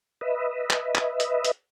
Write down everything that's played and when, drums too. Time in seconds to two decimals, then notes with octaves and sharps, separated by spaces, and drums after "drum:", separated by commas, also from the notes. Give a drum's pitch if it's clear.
0.21 B4 D#5 E5
0.71 drum: clap
0.95 drum: clap
1.20 drum: hi-hat
1.44 drum: hi-hat